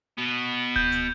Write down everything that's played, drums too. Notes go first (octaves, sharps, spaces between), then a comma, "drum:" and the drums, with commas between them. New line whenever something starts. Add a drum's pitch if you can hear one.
B2 B3
G6, drum: kick D1
drum: hi-hat